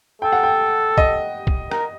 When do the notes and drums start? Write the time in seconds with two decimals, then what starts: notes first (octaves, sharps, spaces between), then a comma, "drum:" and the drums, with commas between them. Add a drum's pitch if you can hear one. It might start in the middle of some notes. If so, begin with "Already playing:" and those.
0.22 A4 G5
0.32 F#5
0.43 G5
0.98 D#5, drum: kick
1.47 drum: kick
1.71 A#4, drum: rim click